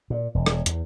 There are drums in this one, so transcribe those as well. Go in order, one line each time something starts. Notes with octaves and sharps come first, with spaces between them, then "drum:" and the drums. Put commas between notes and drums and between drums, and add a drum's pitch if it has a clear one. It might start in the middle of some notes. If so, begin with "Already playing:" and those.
A#2
E1
drum: rim click
E2, drum: hi-hat